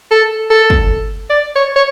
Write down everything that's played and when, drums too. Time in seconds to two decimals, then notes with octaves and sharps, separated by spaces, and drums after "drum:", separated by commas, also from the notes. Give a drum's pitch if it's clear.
0.11 A4
0.50 A4
0.70 drum: kick
1.30 D5
1.56 C#5
1.76 C#5